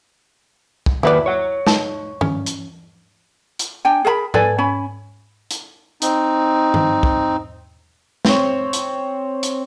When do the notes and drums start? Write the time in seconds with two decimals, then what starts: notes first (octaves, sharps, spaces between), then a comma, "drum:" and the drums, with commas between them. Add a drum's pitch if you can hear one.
0.86 drum: kick
1.03 D#2 E4 F#4 B4 D5 B5
1.26 C#5 F#5
1.67 D#4 A5, drum: snare
2.21 C#4, drum: tom
2.46 drum: hi-hat
3.59 drum: hi-hat
3.85 D4 G5 G#5
4.05 G#4 A#4 G#5 B5
4.34 A4 B4 D5 G#5, drum: tom G#2
4.58 C#4 G#5 B5
5.51 drum: hi-hat
6.02 C4 D#4, drum: hi-hat
6.74 drum: tom
7.03 drum: kick
8.25 C4 C5 C#5, drum: snare
8.73 drum: hi-hat
9.43 drum: hi-hat